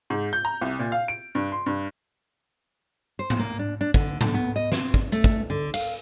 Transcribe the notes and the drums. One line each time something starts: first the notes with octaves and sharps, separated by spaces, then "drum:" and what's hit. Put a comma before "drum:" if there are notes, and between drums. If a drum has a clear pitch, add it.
G#2
G6
A#5
C2
A#2
F5
D7
G2
C6
G2
C5
drum: tom G#2
A#3
D4
D4
D3, drum: kick
D3, drum: tom G#2
B3
D#5
C4, drum: snare
drum: kick
A3, drum: hi-hat
drum: kick
D3
F5, drum: cymbal